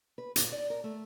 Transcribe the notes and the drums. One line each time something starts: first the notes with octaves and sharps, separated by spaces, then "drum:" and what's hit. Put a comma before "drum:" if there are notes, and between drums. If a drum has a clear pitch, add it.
B4
A#2, drum: hi-hat
D5
A#4
A3